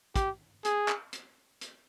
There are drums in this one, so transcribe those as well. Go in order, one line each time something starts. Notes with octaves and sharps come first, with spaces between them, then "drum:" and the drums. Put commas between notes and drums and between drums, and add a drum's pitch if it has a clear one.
G4, drum: kick, hi-hat
G#4, drum: hi-hat
drum: clap
drum: hi-hat
drum: hi-hat